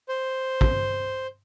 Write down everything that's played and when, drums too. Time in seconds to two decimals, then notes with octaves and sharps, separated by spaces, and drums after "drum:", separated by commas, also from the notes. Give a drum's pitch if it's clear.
0.09 C5
0.61 drum: kick